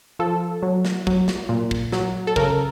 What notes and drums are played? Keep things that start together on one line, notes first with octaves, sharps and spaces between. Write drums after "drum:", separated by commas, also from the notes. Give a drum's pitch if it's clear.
F3 A4
F#3
drum: snare
F#3, drum: kick
drum: snare
A#2
drum: kick
F#3, drum: snare
A4
C#3 A#4, drum: kick